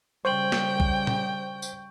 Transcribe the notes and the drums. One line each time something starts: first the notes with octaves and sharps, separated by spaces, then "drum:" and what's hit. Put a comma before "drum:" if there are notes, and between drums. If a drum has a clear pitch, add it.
C#3 G3 C5 G5 C#6 G6 F#7
drum: snare
drum: kick A#1
drum: tom A#2
drum: tambourine